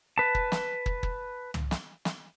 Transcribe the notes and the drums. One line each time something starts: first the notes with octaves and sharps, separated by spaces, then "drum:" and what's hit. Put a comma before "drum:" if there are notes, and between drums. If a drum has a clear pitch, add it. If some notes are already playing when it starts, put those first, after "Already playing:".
B4 A5
drum: kick
drum: snare
drum: kick
drum: kick
drum: tom
drum: snare
drum: snare